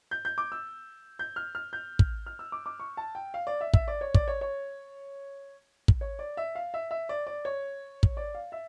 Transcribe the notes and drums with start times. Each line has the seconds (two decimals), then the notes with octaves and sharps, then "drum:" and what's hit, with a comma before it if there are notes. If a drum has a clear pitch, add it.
0.11 G6
0.25 G6
0.38 D6
0.52 E6
1.19 G6
1.36 F6
1.55 F6
1.73 G6
1.99 drum: kick
2.26 F6
2.39 E6
2.52 D6
2.66 D6
2.80 C#6
2.97 A5
3.15 G5
3.34 F5
3.47 D5
3.61 E5
3.74 E5, drum: kick
3.88 D5
4.01 C#5
4.14 D5, drum: kick
4.28 C#5
4.41 C#5
5.88 drum: kick
6.01 C#5
6.19 D5
6.37 E5
6.55 F5
6.74 E5
6.91 E5
7.09 D5
7.27 D5
7.45 C#5
8.03 drum: kick
8.17 D5
8.35 F5
8.52 E5